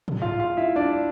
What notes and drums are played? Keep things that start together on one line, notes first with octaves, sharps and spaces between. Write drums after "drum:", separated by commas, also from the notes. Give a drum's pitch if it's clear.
drum: tom
F4 F5
F4 F5
E4 E5
D4 D5